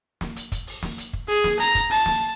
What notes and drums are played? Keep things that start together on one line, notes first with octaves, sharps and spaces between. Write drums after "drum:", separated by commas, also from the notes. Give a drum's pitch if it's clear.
drum: snare
drum: hi-hat
drum: kick, hi-hat
drum: open hi-hat
drum: snare
drum: hi-hat
drum: kick
G#4, drum: open hi-hat
drum: snare
A#5, drum: hi-hat
drum: kick, hi-hat
A5, drum: open hi-hat
drum: snare